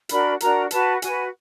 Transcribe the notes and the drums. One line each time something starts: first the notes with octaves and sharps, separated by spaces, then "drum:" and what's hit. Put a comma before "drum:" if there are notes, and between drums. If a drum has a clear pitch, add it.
D4 F#4 A#4 B5, drum: hi-hat
D4 F#4 A#4 A#5, drum: hi-hat
F#4 B4 A5, drum: hi-hat
F#4 B4 G#5, drum: hi-hat